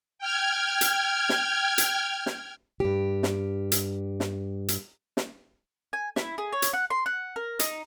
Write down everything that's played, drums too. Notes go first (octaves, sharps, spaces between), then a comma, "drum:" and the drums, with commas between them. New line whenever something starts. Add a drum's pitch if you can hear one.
G5 F6 G#6
drum: hi-hat
drum: snare
drum: hi-hat
drum: snare
G2 G4
drum: snare
drum: hi-hat
drum: snare
drum: hi-hat
drum: snare
G#5
E4, drum: snare
G#4
C#5
drum: hi-hat
F#5
C6
F#5
A#4
D#4, drum: hi-hat